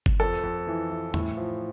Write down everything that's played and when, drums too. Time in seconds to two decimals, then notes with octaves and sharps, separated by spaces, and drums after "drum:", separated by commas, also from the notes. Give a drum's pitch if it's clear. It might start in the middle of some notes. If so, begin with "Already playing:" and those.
0.06 drum: kick G1
0.20 F2 A4
0.43 F2
0.67 E3
0.90 E3
1.14 A2, drum: tom E2
1.37 F3